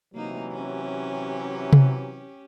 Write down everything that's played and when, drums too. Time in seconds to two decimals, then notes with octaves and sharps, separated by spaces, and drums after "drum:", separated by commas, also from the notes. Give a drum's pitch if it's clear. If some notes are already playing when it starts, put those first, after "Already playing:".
0.14 C3 E3 F#3 A#3 D#4
0.52 C#4 G4
1.73 drum: tom C3